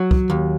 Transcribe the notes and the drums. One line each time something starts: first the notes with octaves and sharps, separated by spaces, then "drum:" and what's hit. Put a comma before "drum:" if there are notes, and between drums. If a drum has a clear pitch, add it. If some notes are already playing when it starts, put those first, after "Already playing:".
Already playing: F#3
drum: kick C2
D#2